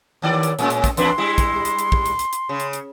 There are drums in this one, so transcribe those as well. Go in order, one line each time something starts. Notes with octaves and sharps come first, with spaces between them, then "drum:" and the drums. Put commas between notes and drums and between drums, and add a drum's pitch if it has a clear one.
D#2 D#3 D5
drum: hi-hat
A2 G#3 C#4, drum: hi-hat
drum: hi-hat
drum: kick, hi-hat
E2 D4 B4 C6, drum: hi-hat
G3 G#3 E4
drum: kick, hi-hat
drum: hi-hat
drum: hi-hat
drum: kick
drum: hi-hat
drum: hi-hat
drum: hi-hat
C#3
drum: hi-hat
drum: hi-hat